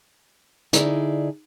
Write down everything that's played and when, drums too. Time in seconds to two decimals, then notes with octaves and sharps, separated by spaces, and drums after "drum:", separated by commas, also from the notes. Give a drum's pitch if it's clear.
0.73 D3 D#4 E4 G#4 D5, drum: hi-hat